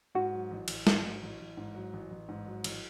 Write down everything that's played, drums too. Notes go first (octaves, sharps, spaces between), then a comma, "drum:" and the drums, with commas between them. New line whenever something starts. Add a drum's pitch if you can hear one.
G#2 F#4
F#3
A1
A1, drum: cymbal
G#2, drum: snare
F#3
A1
A1
G#2
F#3
A1
A1
G#2
F#3
A1, drum: cymbal